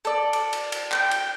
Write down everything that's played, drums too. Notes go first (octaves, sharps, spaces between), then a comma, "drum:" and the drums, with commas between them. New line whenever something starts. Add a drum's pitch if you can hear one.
A4 D5
drum: cymbal
drum: cymbal
drum: cymbal
G5, drum: clap
drum: cymbal